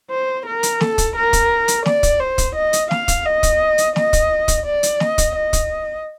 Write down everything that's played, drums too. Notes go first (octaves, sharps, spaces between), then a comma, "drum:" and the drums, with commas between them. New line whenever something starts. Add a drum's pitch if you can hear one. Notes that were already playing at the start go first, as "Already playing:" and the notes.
C5
A#4
drum: hi-hat
A4, drum: snare
drum: kick, hi-hat
A#4
drum: kick, hi-hat
drum: hi-hat
D5, drum: snare
drum: kick, hi-hat
C5
drum: kick, hi-hat
D#5
drum: hi-hat
F5, drum: snare
drum: kick, hi-hat
D#5
drum: kick, hi-hat
drum: hi-hat
D#5, drum: snare
drum: kick, hi-hat
drum: kick, hi-hat
D5
drum: hi-hat
D#5, drum: snare
drum: kick, hi-hat
D#5
drum: kick, hi-hat